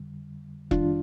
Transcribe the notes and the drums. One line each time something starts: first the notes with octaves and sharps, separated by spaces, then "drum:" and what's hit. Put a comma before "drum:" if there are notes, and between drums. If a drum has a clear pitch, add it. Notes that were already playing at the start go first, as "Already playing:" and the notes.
Already playing: F2 D3 G3
F2 D#3 G3 D4 F4, drum: kick E1